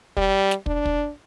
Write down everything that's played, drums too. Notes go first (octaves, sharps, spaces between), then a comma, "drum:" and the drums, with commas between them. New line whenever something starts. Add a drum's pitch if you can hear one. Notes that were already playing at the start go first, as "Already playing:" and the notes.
G3, drum: kick
drum: snare
D4, drum: kick
drum: kick